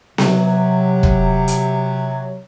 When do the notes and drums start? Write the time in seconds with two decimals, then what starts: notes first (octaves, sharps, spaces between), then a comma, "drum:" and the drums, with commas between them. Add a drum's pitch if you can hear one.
0.18 C3 F#3, drum: snare B3
1.03 drum: kick
1.48 drum: hi-hat